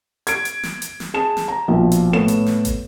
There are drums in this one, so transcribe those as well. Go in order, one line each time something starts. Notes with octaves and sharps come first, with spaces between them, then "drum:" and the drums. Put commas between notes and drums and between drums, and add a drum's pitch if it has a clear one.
G#6 D7, drum: hi-hat
drum: hi-hat
drum: snare
drum: hi-hat
drum: snare
G#4 A5 E7
drum: snare
A#5
A#1 B2 F3
drum: hi-hat
A2 B3 A4 C#5 E7
drum: hi-hat
drum: snare
drum: kick, hi-hat